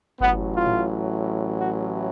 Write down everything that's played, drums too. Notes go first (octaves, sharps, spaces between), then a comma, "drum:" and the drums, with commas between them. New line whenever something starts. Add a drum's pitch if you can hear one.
A1 A2 F#3 B3, drum: kick G1
F4
drum: tom A2
F#4